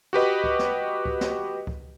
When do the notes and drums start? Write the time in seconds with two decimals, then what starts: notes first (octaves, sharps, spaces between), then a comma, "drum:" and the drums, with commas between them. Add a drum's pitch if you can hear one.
0.13 F#4 G4 B4 D#5
0.44 drum: kick C#2
0.59 drum: snare
1.05 drum: kick C#2
1.21 drum: snare
1.67 drum: kick C#2